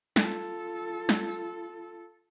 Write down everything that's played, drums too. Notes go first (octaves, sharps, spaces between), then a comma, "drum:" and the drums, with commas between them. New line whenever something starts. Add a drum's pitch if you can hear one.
F4 A4, drum: snare
drum: hi-hat
drum: snare
drum: tambourine